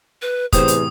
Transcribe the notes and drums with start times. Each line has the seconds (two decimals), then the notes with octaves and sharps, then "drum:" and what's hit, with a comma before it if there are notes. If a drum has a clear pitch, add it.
0.22 B4
0.53 E2 A2 C3 E3 C5 D#6, drum: kick, hi-hat
0.68 drum: hi-hat